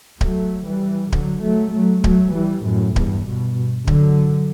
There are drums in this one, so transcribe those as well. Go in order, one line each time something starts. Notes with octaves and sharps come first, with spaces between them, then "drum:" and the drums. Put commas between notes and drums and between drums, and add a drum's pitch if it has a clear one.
F#3 A3, drum: kick D1
E3 G3
D3 F#3, drum: kick D1
F#3 A3
F#3 A3
F#3 A3, drum: kick D1
E3 G3
F#2 A2
E2 G2, drum: kick D1
G2 B2
D3 F#3, drum: kick D1